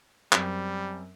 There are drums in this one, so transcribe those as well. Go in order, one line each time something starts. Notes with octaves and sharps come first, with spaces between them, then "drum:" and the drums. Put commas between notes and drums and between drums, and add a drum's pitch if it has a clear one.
F#2 G3 C4, drum: clap